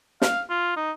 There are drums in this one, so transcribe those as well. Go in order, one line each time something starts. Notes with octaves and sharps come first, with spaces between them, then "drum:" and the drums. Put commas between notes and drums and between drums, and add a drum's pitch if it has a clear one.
F5, drum: snare
F4
D#4